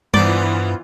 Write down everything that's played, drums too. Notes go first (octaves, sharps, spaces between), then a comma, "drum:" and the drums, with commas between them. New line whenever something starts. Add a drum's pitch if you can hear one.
G2 E3 B3 D#4 F4 C5 D5, drum: tom G3